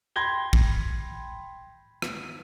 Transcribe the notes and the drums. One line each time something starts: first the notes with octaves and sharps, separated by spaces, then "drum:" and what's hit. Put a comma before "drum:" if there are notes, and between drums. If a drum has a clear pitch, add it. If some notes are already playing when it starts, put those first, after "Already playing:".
G5 B5 C6 G#6 A#6 G7
drum: kick
drum: rim click